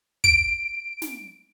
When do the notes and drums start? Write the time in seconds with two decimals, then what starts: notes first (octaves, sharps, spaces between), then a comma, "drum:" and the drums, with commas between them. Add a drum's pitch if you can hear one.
0.24 D7, drum: kick
1.02 drum: snare